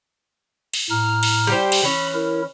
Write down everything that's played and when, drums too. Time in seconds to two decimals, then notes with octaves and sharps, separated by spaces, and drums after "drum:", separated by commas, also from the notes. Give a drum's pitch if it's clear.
0.73 drum: cymbal
0.90 A2 A#5 F6
1.23 drum: cymbal
1.47 G3 G4 C5
1.72 drum: cymbal
1.83 E3 C#4 B5
2.14 E4 A#4